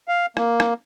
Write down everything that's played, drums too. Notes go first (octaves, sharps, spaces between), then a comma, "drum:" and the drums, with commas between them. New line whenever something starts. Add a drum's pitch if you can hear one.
F5
A#3, drum: rim click
drum: rim click